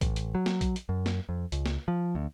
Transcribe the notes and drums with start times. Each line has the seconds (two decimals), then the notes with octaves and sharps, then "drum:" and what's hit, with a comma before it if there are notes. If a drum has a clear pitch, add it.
0.01 A1, drum: kick A#1, hi-hat
0.16 drum: hi-hat
0.35 F#3
0.46 drum: snare
0.61 drum: kick A#1, hi-hat
0.76 drum: hi-hat
0.89 F#2
1.06 drum: snare
1.29 F2
1.52 C#2, drum: hi-hat
1.66 drum: snare
1.88 F3
2.15 D2